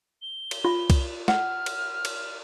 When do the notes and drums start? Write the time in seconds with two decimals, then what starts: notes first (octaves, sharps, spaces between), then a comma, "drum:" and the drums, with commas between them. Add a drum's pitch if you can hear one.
0.22 G7
0.51 drum: cymbal
0.65 F4
0.90 drum: kick C2, cymbal
1.28 F#5 F6, drum: snare
1.66 drum: cymbal
2.05 drum: cymbal